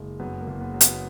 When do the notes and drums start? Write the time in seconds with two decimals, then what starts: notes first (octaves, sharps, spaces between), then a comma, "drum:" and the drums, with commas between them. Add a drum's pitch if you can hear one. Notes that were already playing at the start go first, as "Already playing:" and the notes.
Already playing: F#1 G#3
0.20 F#2 B3
0.41 A#3
0.47 F#1
0.61 B3
0.74 F#3
0.81 B3, drum: hi-hat